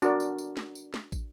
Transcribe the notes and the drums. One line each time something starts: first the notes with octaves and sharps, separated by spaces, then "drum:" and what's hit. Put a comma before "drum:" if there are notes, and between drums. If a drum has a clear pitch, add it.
D4 F#4 A#4 D5, drum: tambourine
drum: tambourine
drum: tambourine
drum: snare
drum: tambourine
drum: snare
drum: kick, tambourine